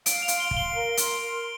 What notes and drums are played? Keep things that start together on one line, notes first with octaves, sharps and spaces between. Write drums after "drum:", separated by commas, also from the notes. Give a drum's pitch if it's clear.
F5 D7, drum: hi-hat
F7
C6, drum: hi-hat
G7
F5, drum: kick
G7
A#4
C6, drum: hi-hat
A#4